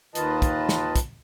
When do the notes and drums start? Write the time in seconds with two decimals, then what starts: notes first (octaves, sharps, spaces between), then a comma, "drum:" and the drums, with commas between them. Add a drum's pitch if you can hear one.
0.15 D#2 D#3 F4 B4 D#5 A5, drum: hi-hat
0.42 drum: kick, hi-hat
0.69 drum: snare
0.96 drum: kick, hi-hat